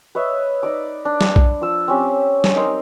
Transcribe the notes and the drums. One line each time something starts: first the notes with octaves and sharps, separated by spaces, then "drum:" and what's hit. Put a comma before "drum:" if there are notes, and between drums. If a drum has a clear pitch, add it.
B4 C#5 D#5 E5
D#4 D5 D6
D4
drum: snare
drum: kick B1
F3 E6
C4 C#4 G4
drum: snare
D#4 A#4 D#5 C6